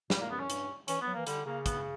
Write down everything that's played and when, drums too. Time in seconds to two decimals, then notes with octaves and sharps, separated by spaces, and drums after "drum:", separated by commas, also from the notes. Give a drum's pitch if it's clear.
0.10 A#2 G3, drum: snare
0.21 A#3
0.29 F#2 B3
0.40 C#4
0.50 G2, drum: hi-hat
0.88 E3 C#4, drum: hi-hat
1.01 B3
1.07 F#3
1.14 E3 A#3
1.27 D3 G3, drum: hi-hat
1.46 C#3 A#3
1.66 B3, drum: kick, hi-hat